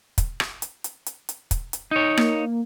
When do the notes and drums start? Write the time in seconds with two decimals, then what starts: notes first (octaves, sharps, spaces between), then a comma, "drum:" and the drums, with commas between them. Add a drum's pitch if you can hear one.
0.18 drum: kick, hi-hat
0.40 drum: rim click
0.62 drum: hi-hat
0.84 drum: hi-hat
1.06 drum: hi-hat
1.29 drum: hi-hat
1.51 drum: kick, hi-hat
1.73 drum: hi-hat
1.91 D#4 C#5
2.17 A#3, drum: rim click